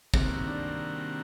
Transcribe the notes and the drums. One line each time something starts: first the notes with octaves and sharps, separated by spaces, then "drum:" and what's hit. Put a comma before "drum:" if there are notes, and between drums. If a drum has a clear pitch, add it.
C3 D#3 G3 A#3 C4 F#4, drum: kick
D4